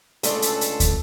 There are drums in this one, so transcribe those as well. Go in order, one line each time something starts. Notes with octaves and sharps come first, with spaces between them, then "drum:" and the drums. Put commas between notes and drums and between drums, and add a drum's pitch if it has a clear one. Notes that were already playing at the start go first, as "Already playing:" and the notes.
C#2 G#3 A3 D4 A4, drum: hi-hat
drum: hi-hat
drum: hi-hat
drum: kick, hi-hat